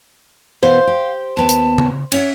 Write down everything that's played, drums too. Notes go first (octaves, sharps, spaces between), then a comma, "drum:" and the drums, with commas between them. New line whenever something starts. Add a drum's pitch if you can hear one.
B2 E3 B3 C5 F5
G4
D#2 B3 G5 A5
drum: hi-hat
drum: tom C#3
C#4 C#5 E5 F#5, drum: cymbal